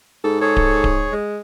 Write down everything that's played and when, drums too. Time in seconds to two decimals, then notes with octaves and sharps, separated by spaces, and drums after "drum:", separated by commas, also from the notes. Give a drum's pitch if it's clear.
0.24 G#2 A4
0.41 G#4 A4 C#5
0.57 drum: kick D1
0.84 drum: kick D1
1.12 G#3